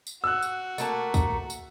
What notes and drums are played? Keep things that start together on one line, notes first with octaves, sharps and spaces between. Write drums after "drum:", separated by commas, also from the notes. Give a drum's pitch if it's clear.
drum: tambourine
F#4 E6 F#6
drum: tambourine
A3 A#3 A5, drum: tambourine
drum: kick, tambourine
drum: tambourine